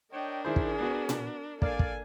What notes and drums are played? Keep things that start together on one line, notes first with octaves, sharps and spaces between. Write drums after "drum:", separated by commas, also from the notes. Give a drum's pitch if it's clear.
D4 A#4 C#5 D#5 G5
D#3 E4 G#4 C5
drum: kick
B3 F#4
drum: tom A#2
A#3 D4 A4 D5 F5 G#5, drum: kick
drum: kick